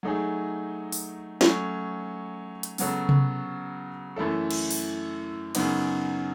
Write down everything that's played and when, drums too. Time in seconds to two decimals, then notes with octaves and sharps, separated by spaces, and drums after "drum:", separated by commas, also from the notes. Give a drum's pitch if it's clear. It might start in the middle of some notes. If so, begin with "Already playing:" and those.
0.03 F#3 A3 D#4 G#4
0.92 drum: open hi-hat
1.41 F#3 A3 C#4, drum: snare
2.63 drum: hi-hat
2.78 C#3 F#3 B3 F#4 A4, drum: open hi-hat
3.09 drum: tom C3
4.16 F#2 E3 A3 E4 A4
4.51 drum: cymbal
4.71 drum: open hi-hat
5.55 F#2 C#3 F#3 B3 D#4, drum: cymbal